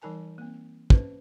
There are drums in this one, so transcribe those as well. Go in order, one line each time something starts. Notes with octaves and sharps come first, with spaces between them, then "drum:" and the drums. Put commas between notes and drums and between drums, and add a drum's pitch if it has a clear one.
E3 G3 D#4 A#4 G#5 A5
A#3 C4
C#4 B4 C5, drum: kick